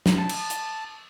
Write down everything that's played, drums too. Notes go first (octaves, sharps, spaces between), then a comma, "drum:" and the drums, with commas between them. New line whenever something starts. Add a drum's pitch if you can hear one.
drum: snare
A5
drum: cymbal
drum: hi-hat